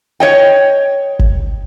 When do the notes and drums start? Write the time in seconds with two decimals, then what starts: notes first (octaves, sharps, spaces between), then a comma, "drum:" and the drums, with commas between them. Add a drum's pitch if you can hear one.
0.20 C#5 D#5 G5
1.19 drum: kick G1